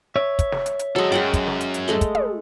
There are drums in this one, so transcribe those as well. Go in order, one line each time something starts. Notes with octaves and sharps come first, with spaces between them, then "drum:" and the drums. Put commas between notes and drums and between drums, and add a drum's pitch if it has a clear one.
C#5 E5
drum: kick, hi-hat
drum: snare
drum: hi-hat
drum: hi-hat
F#3 G#3 A4 D#5
F#2 G#3 F#5 G5
drum: kick, hi-hat
drum: snare
drum: hi-hat
drum: hi-hat
G#3 A3 D#5
drum: kick, hi-hat
drum: tom